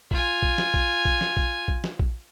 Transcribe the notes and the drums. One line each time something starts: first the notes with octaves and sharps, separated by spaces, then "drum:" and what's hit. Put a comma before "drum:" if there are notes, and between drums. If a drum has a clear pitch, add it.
F4 G#5, drum: kick A#1
drum: kick A#1
drum: snare
drum: kick A#1
drum: kick A#1
drum: snare
drum: kick A#1
drum: kick A#1
drum: snare
drum: kick A#1